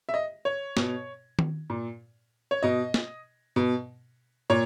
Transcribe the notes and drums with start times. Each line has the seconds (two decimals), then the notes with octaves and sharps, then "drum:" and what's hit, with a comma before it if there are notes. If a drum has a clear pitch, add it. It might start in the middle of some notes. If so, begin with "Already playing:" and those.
0.09 E5
0.14 D#5
0.45 C#5
0.77 B2, drum: snare
1.39 drum: tom D#3
1.70 A#2
2.51 C#5
2.63 B2 D#5
2.94 drum: snare
3.56 B2
4.50 A#2 C#5